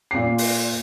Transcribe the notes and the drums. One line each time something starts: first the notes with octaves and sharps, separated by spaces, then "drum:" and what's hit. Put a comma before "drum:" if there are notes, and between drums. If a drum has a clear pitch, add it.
A#2 C7
drum: open hi-hat